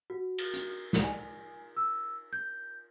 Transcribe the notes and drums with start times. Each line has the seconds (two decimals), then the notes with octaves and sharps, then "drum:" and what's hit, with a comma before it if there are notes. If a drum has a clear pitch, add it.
0.10 F#4
0.38 drum: cymbal
0.54 drum: hi-hat
0.93 drum: snare
1.04 G#5
1.77 E6
2.33 G6